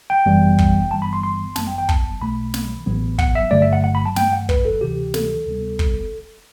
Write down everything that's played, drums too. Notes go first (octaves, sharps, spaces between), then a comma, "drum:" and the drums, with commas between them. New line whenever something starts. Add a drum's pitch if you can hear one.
G5
G1 F#2 E3 G3 B3
drum: kick
G1 G2 E3 G3 B3 A5
B5
C6
C6
G1 F#2 F#3 B3 A5, drum: snare
G5
G5
A5, drum: kick
B1 B2 A3 B5
drum: snare
A1 A2 F#3 B3
F#5, drum: kick
E5
G1 G2 D3 F#3 A3 D5
E5
F#5
F#5
B5
A5
G2 F#3 A3 G5, drum: snare
F#5
B4, drum: kick
A4
D2 C3 E3 G4
A4, drum: snare
D2 C3 G3 B3
drum: kick